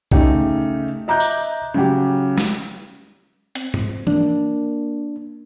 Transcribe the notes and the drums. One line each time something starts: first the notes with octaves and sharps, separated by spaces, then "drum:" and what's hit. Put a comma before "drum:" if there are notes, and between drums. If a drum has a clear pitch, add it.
C#3 A3 D#4 G4, drum: kick B1
D#5 E5 A#5 D6 F#6 G6
drum: tambourine
C#3 F#3 G4
drum: snare
C4, drum: hi-hat
drum: tom G#2
A#3 D4, drum: tom E3